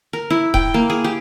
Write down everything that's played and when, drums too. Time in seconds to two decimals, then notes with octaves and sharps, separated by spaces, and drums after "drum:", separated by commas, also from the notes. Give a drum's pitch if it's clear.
0.13 A#4
0.30 E4
0.54 G5, drum: kick D#1
0.74 A#3
0.90 G#4
1.04 G4